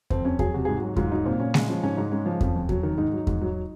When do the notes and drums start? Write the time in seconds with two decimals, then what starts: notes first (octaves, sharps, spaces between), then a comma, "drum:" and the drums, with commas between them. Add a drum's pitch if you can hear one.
0.10 F2 C4, drum: kick E2
0.25 F2 C#4
0.39 F#3 G#4, drum: kick E2
0.54 C3 F#4
0.65 G#2 G#4
0.77 F#4
0.82 F#3
0.96 G#2 F4, drum: kick E2
1.12 F#3 D#4
1.25 A#2 C4
1.40 A#2 C#4
1.54 G#3 C#4, drum: snare G#3
1.68 F3 C#4
1.83 G#2 C#4
1.97 G#2 D#4
2.12 G#3 C#4
2.26 F3
2.41 F2, drum: kick E2
2.56 F2
2.69 F#3, drum: kick E2
2.83 D#3
2.97 G#2 D#4
3.13 F#3
3.27 G#2, drum: kick E2
3.41 F#3